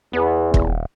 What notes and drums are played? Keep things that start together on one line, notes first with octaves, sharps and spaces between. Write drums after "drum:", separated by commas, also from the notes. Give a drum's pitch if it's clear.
E2 B3
D#1, drum: kick